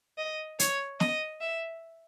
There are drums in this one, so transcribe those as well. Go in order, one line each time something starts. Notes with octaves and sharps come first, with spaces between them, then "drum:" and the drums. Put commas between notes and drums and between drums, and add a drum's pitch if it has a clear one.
D#5
C#5, drum: hi-hat
D#5, drum: snare
E5